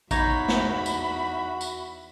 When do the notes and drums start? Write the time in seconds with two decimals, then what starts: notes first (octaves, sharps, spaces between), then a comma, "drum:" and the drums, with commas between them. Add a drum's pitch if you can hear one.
0.11 E2 D#4 F#4 C#5 E5 B5, drum: kick A1, tambourine
0.48 drum: snare
0.86 drum: tambourine
1.61 drum: tambourine